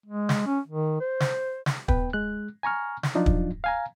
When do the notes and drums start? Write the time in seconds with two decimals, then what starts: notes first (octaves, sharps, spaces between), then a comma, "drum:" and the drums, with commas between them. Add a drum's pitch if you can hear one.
0.06 G#3
0.29 drum: snare
0.46 C#4
0.67 D#3
1.00 C5
1.20 drum: snare
1.66 drum: snare
1.88 B3 B4 G5, drum: kick
2.13 G#3 F#6
2.63 G#5 A#5 C#6 F6
3.03 drum: snare
3.15 F3 F#3 D4 D#4 F4
3.26 drum: kick
3.64 F5 G#5 A#5